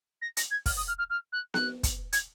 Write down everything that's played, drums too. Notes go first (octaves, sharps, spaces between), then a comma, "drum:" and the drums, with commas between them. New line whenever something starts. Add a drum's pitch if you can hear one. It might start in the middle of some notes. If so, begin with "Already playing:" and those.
A#6
A#6, drum: hi-hat
G#6
F6, drum: kick, open hi-hat
D#6
F6
F6
F6
F#6
F#6, drum: snare B3
drum: kick, hi-hat
G#6, drum: hi-hat